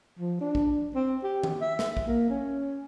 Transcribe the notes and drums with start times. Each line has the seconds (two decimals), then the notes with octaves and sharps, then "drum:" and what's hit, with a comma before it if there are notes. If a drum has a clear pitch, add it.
0.19 F3
0.41 D4
0.55 drum: kick
0.95 C4
1.24 G4
1.44 drum: tom D#3
1.61 E5
1.79 drum: snare
1.97 drum: kick
2.06 A#3
2.30 C#4